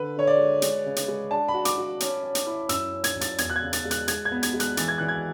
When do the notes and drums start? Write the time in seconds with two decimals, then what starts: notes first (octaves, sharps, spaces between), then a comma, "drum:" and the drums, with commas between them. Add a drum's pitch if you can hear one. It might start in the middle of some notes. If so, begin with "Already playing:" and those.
Already playing: D3 B4
0.16 D3 C#5
0.27 D5
0.38 G#3
0.62 G#3, drum: hi-hat
0.85 C#3
0.96 drum: hi-hat
1.08 G#3
1.31 D4 A5
1.48 B5
1.54 F#4
1.65 D6, drum: hi-hat
1.78 F#4
2.00 C#4, drum: hi-hat
2.24 C#4
2.35 drum: hi-hat
2.47 E4
2.69 F#2 E6, drum: hi-hat
2.93 C#4
3.04 G#6, drum: hi-hat
3.16 F#2
3.21 A6, drum: hi-hat
3.38 E2 G#6, drum: hi-hat
3.50 F#6
3.56 G#6
3.62 C#3
3.73 A6, drum: hi-hat
3.85 G#3
3.91 F#6, drum: hi-hat
4.08 G#3 G#6, drum: hi-hat
4.25 G#6
4.31 B3
4.43 G#6, drum: hi-hat
4.54 G#3
4.60 F#6, drum: hi-hat
4.77 E3 A6, drum: hi-hat
4.88 G#6
4.98 E3 F#6
5.08 G#6